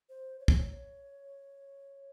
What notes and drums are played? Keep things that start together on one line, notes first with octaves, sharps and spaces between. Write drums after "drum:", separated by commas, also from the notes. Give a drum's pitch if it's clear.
C5
C#5
C5, drum: kick
C#5